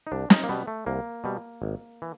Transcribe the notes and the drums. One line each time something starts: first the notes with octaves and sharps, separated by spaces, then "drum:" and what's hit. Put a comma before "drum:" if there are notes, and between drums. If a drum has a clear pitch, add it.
D#4
C2 D4
D#4, drum: snare
A#3
B2 G3 B3
A3
C2 A#3
B2 G3
G#1
E3